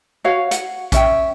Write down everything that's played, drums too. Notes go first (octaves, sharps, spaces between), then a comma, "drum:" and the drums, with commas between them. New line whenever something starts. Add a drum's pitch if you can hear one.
F#4 C#5 F5
F#5, drum: hi-hat
C#4 E5 G5, drum: kick A#1, hi-hat